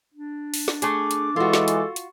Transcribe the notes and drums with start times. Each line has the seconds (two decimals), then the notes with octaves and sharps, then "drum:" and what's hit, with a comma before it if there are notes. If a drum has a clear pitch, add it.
0.14 D4
0.54 drum: open hi-hat
0.68 drum: snare
0.82 A3 G#4 D6, drum: hi-hat
1.11 drum: hi-hat
1.36 E3 G#3 F4 F#4 A4
1.53 drum: snare
1.68 drum: hi-hat
1.96 drum: hi-hat